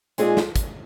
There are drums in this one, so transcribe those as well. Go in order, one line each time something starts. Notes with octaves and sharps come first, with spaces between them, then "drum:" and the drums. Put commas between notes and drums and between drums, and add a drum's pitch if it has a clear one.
A#2 G#3 C4 D#4 G#4, drum: hi-hat
drum: snare
drum: kick, hi-hat